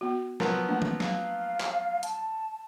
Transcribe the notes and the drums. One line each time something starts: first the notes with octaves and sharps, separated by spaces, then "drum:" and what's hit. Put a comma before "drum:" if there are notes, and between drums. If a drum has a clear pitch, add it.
B3 F#4
F3 F#3 B3 A#4, drum: snare
A3 A#3 D4
drum: tom
F5, drum: snare
drum: clap
A5, drum: hi-hat